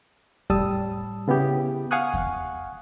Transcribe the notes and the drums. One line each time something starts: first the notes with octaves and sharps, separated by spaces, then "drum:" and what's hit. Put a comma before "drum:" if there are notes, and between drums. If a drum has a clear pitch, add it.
A2 G3 A5 D#6 E6, drum: kick E2
C#3 B3 E4 G4
F5 F#5 G#5 C#6 D#6 F#6
drum: kick E2